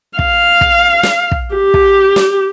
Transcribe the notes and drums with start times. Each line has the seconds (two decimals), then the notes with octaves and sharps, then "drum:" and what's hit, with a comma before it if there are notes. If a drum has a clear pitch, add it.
0.19 F5, drum: kick
0.61 drum: kick
1.03 drum: snare
1.32 drum: kick
1.55 G4
1.74 drum: kick
2.16 drum: snare